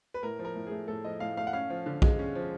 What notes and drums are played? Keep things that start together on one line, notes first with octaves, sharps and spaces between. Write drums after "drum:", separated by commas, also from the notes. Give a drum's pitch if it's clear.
B4
A2 A#4
F3
A#4
A2
A3 G#4
A2 A4
F3 D#5
A2 F5
A3 F5
F#5
C#4 F5
F3
D3
G#3, drum: kick A#1
C#4
F3